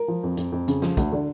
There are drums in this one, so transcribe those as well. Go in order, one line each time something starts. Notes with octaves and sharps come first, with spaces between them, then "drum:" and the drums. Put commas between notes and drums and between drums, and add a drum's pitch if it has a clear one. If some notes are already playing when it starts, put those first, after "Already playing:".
Already playing: A#4
F3
F2
F2, drum: hi-hat
F2
C#3, drum: hi-hat
F3, drum: snare
D2, drum: kick, hi-hat
D3